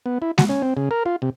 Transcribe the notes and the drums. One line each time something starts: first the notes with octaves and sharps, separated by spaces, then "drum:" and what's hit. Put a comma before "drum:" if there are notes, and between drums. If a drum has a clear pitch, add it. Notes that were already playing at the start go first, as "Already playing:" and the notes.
B3
E4
F#4, drum: snare G#3
C#4
C4
C#3
A#4
F4
C3